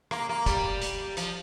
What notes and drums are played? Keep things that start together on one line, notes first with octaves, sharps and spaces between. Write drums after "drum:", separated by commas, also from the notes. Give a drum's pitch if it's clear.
A#3, drum: rim click
A#3
G3, drum: kick, hi-hat
drum: hi-hat
F3, drum: hi-hat